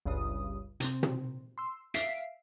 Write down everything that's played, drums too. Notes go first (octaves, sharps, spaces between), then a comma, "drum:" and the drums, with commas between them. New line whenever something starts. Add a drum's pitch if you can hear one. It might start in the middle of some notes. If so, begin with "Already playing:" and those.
G1 C#2 G2 C#3 D#6
C3 C4, drum: hi-hat
drum: tom
C6 E6
E5 F5 B6 C7 D7, drum: hi-hat